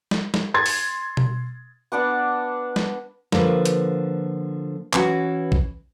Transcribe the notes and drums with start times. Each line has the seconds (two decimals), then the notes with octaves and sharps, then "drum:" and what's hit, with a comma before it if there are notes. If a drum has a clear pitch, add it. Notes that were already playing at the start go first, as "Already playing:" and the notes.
0.11 drum: snare
0.34 drum: snare
0.54 C6 G#6 A6
0.66 drum: open hi-hat
1.17 drum: tom B2
1.92 B3 D4 D5 F#5
2.76 drum: snare
3.32 D3 F3 A#3 B4, drum: snare
3.65 drum: hi-hat
4.93 E3 C#4 F#4, drum: clap
5.52 drum: kick A#1